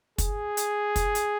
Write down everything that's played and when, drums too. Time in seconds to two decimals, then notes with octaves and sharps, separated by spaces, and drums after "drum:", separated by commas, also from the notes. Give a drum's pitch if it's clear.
0.18 G#4, drum: kick, hi-hat
0.57 drum: hi-hat
0.96 drum: kick, hi-hat
1.15 drum: hi-hat